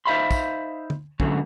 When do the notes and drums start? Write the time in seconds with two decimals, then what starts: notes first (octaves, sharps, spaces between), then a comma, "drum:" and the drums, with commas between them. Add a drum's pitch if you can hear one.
0.06 D#4 C5 E5 F5 B5 C6
0.31 drum: kick, tambourine
0.90 drum: tom
1.20 D2 G#2 D3 F#3 A3 C#4, drum: kick